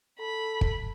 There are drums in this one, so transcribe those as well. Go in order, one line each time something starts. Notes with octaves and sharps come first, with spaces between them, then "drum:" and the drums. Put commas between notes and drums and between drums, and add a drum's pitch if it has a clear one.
A4 B5
drum: kick